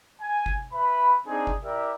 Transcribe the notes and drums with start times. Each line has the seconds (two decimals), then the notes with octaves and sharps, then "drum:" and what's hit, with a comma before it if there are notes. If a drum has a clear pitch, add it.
0.22 G#5
0.46 drum: kick G1
0.73 B4 E5 B5
1.27 C4 D4 D#4 G#4
1.47 drum: kick G1
1.64 E4 G4 A#4 D5 E5